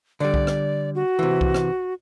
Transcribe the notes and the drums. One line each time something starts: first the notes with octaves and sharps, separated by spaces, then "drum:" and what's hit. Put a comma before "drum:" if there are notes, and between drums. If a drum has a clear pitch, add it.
D3 G3 D5
drum: kick C2
drum: rim click
F#4
C3 E3
drum: kick C2
drum: rim click